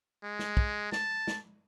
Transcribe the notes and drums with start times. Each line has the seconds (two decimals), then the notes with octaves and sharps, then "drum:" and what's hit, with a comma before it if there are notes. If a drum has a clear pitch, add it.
0.24 G#3
0.39 drum: snare
0.57 drum: kick
0.92 A5, drum: snare
1.27 drum: snare